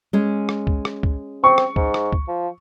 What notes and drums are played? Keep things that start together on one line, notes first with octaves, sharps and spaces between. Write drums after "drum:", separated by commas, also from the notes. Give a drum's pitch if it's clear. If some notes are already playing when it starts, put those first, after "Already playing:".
G#3 C#4
drum: rim click
drum: kick C#2
drum: rim click
drum: kick C#2
C4 C#6
drum: rim click
G#2, drum: kick C#2
drum: rim click
drum: kick C#2
F3